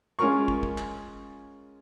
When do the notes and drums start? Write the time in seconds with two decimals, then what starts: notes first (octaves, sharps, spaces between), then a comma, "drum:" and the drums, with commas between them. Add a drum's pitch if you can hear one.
0.19 G#3 C#4 F4 A#4 C#6
0.48 drum: kick
0.63 drum: kick
0.78 drum: clap